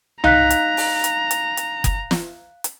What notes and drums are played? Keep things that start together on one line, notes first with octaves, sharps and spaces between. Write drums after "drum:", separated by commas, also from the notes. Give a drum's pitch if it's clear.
D#4 F5 A#5 F#6 B6, drum: tom C2
drum: hi-hat
drum: open hi-hat
drum: hi-hat
drum: hi-hat
drum: hi-hat
drum: kick F#1, hi-hat
drum: snare
drum: hi-hat